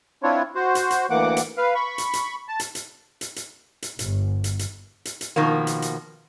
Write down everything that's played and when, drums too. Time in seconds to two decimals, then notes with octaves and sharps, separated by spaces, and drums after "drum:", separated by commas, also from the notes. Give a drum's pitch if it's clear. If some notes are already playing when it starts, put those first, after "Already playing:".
0.23 C4 D4 E4 F4 C#5
0.55 F#4 C5
0.75 drum: hi-hat
0.90 drum: hi-hat
1.10 D2 E3 A#3 F#5 D6
1.37 drum: hi-hat
1.57 B4 F5
1.75 B5 C#6
1.98 drum: hi-hat
2.13 drum: hi-hat
2.48 A5
2.60 drum: hi-hat
2.75 drum: hi-hat
3.21 drum: hi-hat
3.36 drum: hi-hat
3.82 drum: hi-hat
3.99 G1, drum: hi-hat
4.44 drum: hi-hat
4.59 drum: hi-hat
5.05 drum: hi-hat
5.21 drum: hi-hat
5.36 B2 D#3 F3 A#3
5.67 drum: hi-hat
5.82 drum: hi-hat